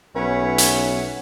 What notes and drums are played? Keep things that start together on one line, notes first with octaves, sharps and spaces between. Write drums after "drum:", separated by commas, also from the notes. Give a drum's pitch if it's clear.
B1 C#4 B4 C#5 E5 F#5
drum: hi-hat